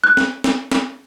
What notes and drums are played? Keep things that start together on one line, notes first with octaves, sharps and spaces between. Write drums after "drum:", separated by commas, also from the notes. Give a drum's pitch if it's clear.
F#6
drum: snare
drum: snare
drum: snare